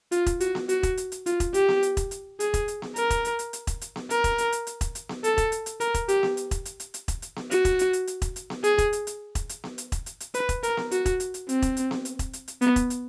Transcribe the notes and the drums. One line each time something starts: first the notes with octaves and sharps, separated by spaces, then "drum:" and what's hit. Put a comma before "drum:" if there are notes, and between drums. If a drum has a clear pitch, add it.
F4, drum: hi-hat
drum: kick E1, hi-hat
F#4, drum: hi-hat
drum: snare B3
F#4, drum: hi-hat
drum: kick E1, hi-hat
drum: hi-hat
drum: hi-hat
F4, drum: hi-hat
drum: kick E1, hi-hat
G4, drum: hi-hat
drum: snare B3
drum: hi-hat
drum: kick E1, hi-hat
drum: hi-hat
G#4, drum: hi-hat
drum: kick E1, hi-hat
drum: hi-hat
drum: snare B3
A#4, drum: hi-hat
drum: kick E1, hi-hat
drum: hi-hat
drum: hi-hat
drum: hi-hat
drum: kick E1, hi-hat
drum: hi-hat
drum: snare B3
A#4, drum: hi-hat
drum: kick E1, hi-hat
drum: hi-hat
drum: hi-hat
drum: hi-hat
drum: kick E1, hi-hat
drum: hi-hat
drum: snare B3
A4, drum: hi-hat
drum: kick E1, hi-hat
drum: hi-hat
drum: hi-hat
A#4, drum: hi-hat
drum: kick E1, hi-hat
G4, drum: hi-hat
drum: snare B3
drum: hi-hat
drum: kick E1, hi-hat
drum: hi-hat
drum: hi-hat
drum: hi-hat
drum: kick E1, hi-hat
drum: hi-hat
drum: snare B3
F#4, drum: hi-hat
drum: kick E1, hi-hat
drum: hi-hat
drum: hi-hat
drum: hi-hat
drum: kick E1, hi-hat
drum: hi-hat
drum: snare B3
G#4, drum: hi-hat
drum: kick E1, hi-hat
drum: hi-hat
drum: hi-hat
drum: kick E1, hi-hat
drum: hi-hat
drum: snare B3
drum: hi-hat
drum: kick E1, hi-hat
drum: hi-hat
drum: hi-hat
B4, drum: hi-hat
drum: kick E1, hi-hat
A#4, drum: hi-hat
drum: snare B3
F#4, drum: hi-hat
drum: kick E1, hi-hat
drum: hi-hat
drum: hi-hat
C4, drum: hi-hat
drum: kick E1, hi-hat
drum: hi-hat
drum: snare B3
drum: hi-hat
drum: kick E1, hi-hat
drum: hi-hat
drum: hi-hat
B3, drum: hi-hat
drum: kick E1, hi-hat
drum: hi-hat